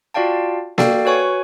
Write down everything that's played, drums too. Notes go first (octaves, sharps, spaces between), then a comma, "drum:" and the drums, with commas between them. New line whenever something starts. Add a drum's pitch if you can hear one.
F4 F#4 D5 F5 G5 A5
F#4 A4 D5 F5 G5, drum: snare A#3
F#4 B4 C#5 G#5 C#6